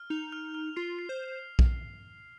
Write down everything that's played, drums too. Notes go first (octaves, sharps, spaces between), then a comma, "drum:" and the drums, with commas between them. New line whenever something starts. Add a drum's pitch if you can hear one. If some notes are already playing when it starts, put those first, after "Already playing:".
Already playing: F6
D#4 F7
F6
F6
F4 C7
C7
C5
drum: kick